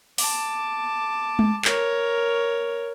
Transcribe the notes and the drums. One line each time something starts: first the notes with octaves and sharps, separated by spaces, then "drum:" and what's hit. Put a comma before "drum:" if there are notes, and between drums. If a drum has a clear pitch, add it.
A5 D6, drum: open hi-hat
drum: tom G#3
A#4 C#5, drum: clap